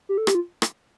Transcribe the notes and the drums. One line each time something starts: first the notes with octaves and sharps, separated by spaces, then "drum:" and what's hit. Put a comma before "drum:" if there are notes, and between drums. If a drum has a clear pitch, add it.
G4
A4
G4, drum: rim click
F4
drum: rim click